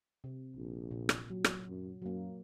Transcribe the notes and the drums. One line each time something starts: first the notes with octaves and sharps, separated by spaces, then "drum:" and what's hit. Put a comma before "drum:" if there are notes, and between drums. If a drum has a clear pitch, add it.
C3
A#1
A#2
drum: rim click
F#3
drum: rim click
F#2
F#2 F#3 A#3